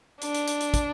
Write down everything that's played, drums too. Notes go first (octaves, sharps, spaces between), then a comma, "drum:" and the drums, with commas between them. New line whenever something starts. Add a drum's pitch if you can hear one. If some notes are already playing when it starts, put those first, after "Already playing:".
D4, drum: hi-hat
drum: hi-hat
drum: hi-hat
drum: hi-hat
drum: kick, hi-hat